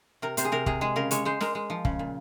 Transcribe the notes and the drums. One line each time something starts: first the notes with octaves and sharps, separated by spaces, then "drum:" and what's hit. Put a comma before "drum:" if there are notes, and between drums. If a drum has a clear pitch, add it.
C3 A#4
C3 C5, drum: hi-hat
G#4
C3 A#4
C3 G#4, drum: kick
G#3 G#4
C#3 A#4
G#3 C#5, drum: hi-hat
G#3 C5
G#3 A#4, drum: snare
G#3
F3
C#3, drum: kick
A#2